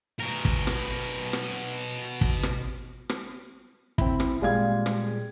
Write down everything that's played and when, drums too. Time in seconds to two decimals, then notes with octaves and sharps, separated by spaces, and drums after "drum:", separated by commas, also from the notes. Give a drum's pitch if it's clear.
0.19 B2 A#4
0.45 drum: kick
0.67 drum: rim click
1.33 drum: rim click
2.21 drum: kick
2.43 drum: rim click
3.09 drum: rim click
3.98 C4 E4, drum: kick
4.20 drum: rim click
4.42 A#2 G3 G#3 F5 G#6
4.86 drum: rim click